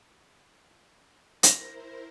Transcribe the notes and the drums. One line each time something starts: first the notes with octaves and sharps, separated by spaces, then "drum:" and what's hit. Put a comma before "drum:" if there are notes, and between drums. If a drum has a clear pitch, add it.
E4 A#4 C5 A#6, drum: hi-hat